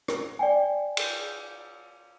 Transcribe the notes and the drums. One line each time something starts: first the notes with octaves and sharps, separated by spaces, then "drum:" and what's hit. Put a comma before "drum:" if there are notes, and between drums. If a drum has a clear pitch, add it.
drum: rim click
D5 G5 G#5
drum: cymbal